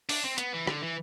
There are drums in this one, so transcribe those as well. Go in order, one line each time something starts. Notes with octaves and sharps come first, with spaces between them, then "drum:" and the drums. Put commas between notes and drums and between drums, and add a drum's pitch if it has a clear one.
D4, drum: open hi-hat
C4
B3, drum: hi-hat
E3
D3, drum: rim click
E3